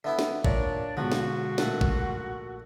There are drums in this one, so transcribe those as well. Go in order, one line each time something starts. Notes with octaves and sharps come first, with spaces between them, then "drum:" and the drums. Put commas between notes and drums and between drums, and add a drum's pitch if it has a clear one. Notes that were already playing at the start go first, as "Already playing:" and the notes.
D3 B3 E4 E5
drum: snare
A#2 D4 C#5, drum: kick G#1
G#2 B2 D3 F3 F#4
drum: snare
A#1 A3 F#5, drum: snare
drum: kick G#1